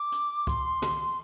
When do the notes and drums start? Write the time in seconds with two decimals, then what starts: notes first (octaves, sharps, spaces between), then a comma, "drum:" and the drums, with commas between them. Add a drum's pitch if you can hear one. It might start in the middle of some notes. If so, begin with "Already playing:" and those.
Already playing: D6
0.12 drum: hi-hat
0.47 C6, drum: kick C2
0.82 drum: tom